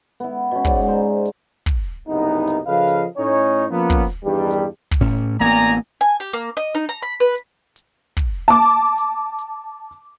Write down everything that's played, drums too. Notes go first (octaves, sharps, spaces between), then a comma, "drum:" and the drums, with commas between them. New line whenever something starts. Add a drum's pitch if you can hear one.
B3 E4
B2 C#4
G#2 D5 G#5 D6, drum: kick
C5 A#5
drum: hi-hat
drum: kick, hi-hat
F#1 C2 B3 D#4
drum: hi-hat
C#3 F3 A4 B4 D#5 F5
drum: hi-hat
A2 C#4 D#4 C#5
F3 A#3 B3 C#4
drum: kick
drum: hi-hat
E2 G2 D#3 G3
drum: hi-hat
drum: kick, hi-hat
A2 C#4
A1 A#3 B3 D5 G#5 A#5
drum: hi-hat
G#5
G4
A#3
D#5
D#4
A#5
B5
B4
drum: hi-hat
drum: hi-hat
drum: kick, hi-hat
A5 D6
drum: hi-hat
drum: hi-hat